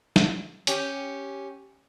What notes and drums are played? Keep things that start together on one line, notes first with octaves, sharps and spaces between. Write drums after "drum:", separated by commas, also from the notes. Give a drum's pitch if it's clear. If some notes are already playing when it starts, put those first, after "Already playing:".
drum: snare
C#4 G4, drum: hi-hat